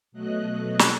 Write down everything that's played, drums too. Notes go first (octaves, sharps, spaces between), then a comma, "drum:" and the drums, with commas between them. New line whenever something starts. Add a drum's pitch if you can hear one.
B2 F#3 A3 D#5 F#6
drum: snare